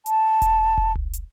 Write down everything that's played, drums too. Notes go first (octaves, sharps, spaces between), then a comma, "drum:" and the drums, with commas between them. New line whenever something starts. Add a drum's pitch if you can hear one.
A5, drum: hi-hat
drum: kick E1, hi-hat
drum: kick E1
drum: tom C2
drum: hi-hat